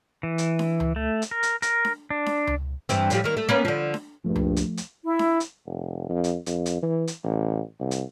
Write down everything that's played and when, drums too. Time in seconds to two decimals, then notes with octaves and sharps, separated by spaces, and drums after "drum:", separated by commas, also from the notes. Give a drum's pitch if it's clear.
0.23 E3
0.38 drum: hi-hat
0.59 drum: snare D4
0.80 drum: tom C#2
0.96 A3
1.22 drum: hi-hat
1.31 A#4
1.43 drum: hi-hat
1.62 A#4, drum: hi-hat
1.85 drum: snare D4
2.10 D4
2.26 drum: snare D4
2.47 drum: tom C#2
2.89 G2 E3 C4, drum: hi-hat
3.10 A2 F3 G3, drum: hi-hat
3.24 D#3 A#3
3.37 A3
3.49 A#3 B3 C#4
3.65 D3 F3
3.94 drum: snare D4
4.25 A#1 G2 F3 A3
4.36 drum: tom C#2
4.56 drum: hi-hat
4.77 drum: hi-hat
5.04 E4
5.19 drum: snare D4
5.40 drum: hi-hat
5.66 F1
6.09 F2
6.24 drum: hi-hat
6.46 F2, drum: hi-hat
6.66 drum: hi-hat
6.82 E3
7.07 drum: hi-hat
7.24 A1
7.80 C2
7.91 drum: hi-hat